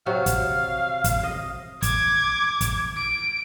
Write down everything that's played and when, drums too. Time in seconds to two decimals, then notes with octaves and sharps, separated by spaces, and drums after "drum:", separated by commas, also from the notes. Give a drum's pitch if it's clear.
0.06 C3 F#3 F#4 F5
0.26 drum: kick, hi-hat
1.04 drum: kick, hi-hat
1.23 D#5
1.82 D6 G#6, drum: kick, hi-hat
2.61 drum: kick, hi-hat
2.97 D7